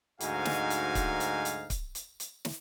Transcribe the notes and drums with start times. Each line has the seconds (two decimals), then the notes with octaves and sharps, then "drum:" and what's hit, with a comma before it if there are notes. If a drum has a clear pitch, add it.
0.20 D2 G#2 D#4 F#4 F5 G#5, drum: hi-hat
0.45 drum: snare
0.70 drum: hi-hat
0.95 drum: kick C#1, hi-hat
1.20 drum: hi-hat
1.45 drum: hi-hat
1.70 drum: kick C#1, hi-hat
1.95 drum: hi-hat
2.20 drum: hi-hat
2.45 drum: snare